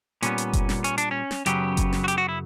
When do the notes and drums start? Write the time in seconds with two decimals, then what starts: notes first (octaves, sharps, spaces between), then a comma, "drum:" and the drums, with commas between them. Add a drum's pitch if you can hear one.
0.23 A#2 G3 B3 C#4, drum: hi-hat
0.38 drum: hi-hat
0.53 drum: kick F#1, hi-hat
0.69 drum: snare
0.84 C#4, drum: hi-hat
0.98 D4, drum: hi-hat
1.11 C#4
1.31 drum: snare
1.46 F#2 C#3 F#3 B3 G4, drum: hi-hat
1.77 drum: kick F#1, hi-hat
1.93 drum: snare
2.04 F#4
2.08 G4, drum: hi-hat
2.18 F#4
2.29 E4